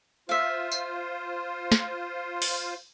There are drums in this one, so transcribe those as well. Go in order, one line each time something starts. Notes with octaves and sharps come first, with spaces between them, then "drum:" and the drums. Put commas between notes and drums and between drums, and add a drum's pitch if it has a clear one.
F4 C5 E5 F5
drum: tambourine
drum: snare
drum: open hi-hat